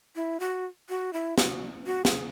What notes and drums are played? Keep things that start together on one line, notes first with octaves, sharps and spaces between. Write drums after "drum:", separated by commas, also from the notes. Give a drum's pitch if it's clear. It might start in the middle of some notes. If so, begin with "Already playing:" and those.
E4
F#4
F#4
E4
F#4, drum: snare
F#4
G#4, drum: snare